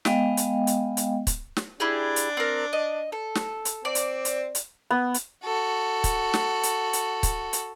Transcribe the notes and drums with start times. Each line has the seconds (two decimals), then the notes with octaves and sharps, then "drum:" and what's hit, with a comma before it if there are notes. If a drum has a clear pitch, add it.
0.05 G#3 B3 D#5 F5 G5, drum: snare
0.37 drum: hi-hat
0.67 drum: hi-hat
0.97 drum: hi-hat
1.27 drum: kick, hi-hat
1.57 drum: snare
1.80 D4 E4 G4 G#4
2.16 drum: hi-hat
2.37 C4 A#4
2.73 D#5
3.12 A4
3.35 drum: snare
3.65 drum: hi-hat
3.85 C4 D5
3.95 drum: hi-hat
4.25 drum: hi-hat
4.55 drum: hi-hat
4.90 B3
5.14 drum: hi-hat
5.44 F#4 A4
6.04 drum: kick, hi-hat
6.34 drum: snare
6.63 drum: hi-hat
6.93 drum: hi-hat
7.23 drum: kick, hi-hat
7.53 drum: hi-hat